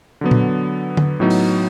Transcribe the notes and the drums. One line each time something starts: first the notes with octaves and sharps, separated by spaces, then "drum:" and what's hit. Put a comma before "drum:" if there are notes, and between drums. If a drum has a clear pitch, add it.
D3 F#3 B3
drum: tom A#2
drum: tom D3
A2 F#3 B3 D#4
drum: open hi-hat